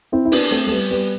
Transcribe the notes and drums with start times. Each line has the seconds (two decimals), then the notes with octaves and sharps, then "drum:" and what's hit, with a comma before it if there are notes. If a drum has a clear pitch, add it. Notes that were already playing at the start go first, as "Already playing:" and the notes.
0.12 C4 E4
0.25 E4
0.32 B3 D4, drum: open hi-hat
0.51 A3 C4
0.67 A3
0.71 G3 B3
0.91 G3 B3